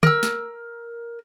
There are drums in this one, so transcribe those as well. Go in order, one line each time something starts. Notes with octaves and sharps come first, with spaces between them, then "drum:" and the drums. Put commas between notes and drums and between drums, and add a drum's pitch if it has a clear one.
A#4 E6, drum: tom
drum: snare